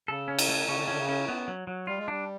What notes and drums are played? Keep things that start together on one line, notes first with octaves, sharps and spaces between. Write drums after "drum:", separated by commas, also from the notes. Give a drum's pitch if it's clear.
C#3 A4
C#4
drum: cymbal
A3
C#3 C#4
D3
C#3
D3 C#4
C#3
C#4
B3
F#3
F#3
G3 F4
G#3
G3 D4